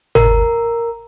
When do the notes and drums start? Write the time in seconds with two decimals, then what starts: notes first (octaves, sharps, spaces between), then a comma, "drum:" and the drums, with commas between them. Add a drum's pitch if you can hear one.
0.15 A#4, drum: tom G1